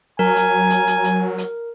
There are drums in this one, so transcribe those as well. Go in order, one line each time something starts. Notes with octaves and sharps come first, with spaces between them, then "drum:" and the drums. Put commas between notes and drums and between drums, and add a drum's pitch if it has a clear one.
F#3 A#4 G#5 A#5
drum: hi-hat
drum: hi-hat
drum: hi-hat
drum: hi-hat
drum: hi-hat